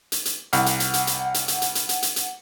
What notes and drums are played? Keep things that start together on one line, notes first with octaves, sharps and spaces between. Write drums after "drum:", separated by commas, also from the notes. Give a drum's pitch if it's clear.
drum: hi-hat
drum: hi-hat
C2 F#5, drum: hi-hat
drum: hi-hat
drum: hi-hat
drum: hi-hat
drum: hi-hat
drum: hi-hat
drum: hi-hat
drum: hi-hat
drum: hi-hat
drum: hi-hat
drum: hi-hat
drum: hi-hat